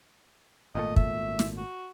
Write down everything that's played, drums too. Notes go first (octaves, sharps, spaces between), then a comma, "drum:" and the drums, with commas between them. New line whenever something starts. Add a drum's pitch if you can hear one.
G#1 A#2 A3 D#5
E5, drum: kick
drum: snare
F#4